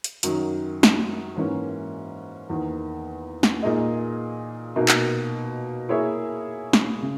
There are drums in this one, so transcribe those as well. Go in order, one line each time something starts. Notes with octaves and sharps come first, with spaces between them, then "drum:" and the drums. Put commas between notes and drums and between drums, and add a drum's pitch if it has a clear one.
drum: hi-hat
F#2 D#3 F#3, drum: hi-hat
drum: snare
G#2 E3 A#3 C#4
E2 D#3 A#3
drum: snare
A#2 A#3 D#4 G#4 D#5
B2 A#3 D#4
drum: clap
A#3 E4 G#4 C#5 E5
drum: snare
C#3